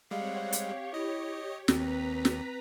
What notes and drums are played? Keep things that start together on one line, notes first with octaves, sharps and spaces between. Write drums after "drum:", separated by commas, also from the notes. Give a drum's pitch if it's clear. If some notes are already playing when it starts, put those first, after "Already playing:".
G3 G#3 C4 C#5 F5 F#5
G4 C#5, drum: hi-hat
E4 D#5
D#2 C4 B4 A#5 B5, drum: snare
drum: snare